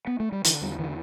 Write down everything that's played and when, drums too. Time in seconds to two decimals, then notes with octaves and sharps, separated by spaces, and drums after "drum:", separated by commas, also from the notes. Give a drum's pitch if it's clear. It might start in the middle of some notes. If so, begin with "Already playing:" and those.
0.07 B3
0.20 A3
0.32 G3
0.44 D3 E3, drum: hi-hat
0.61 E2 G3
0.79 D3 E3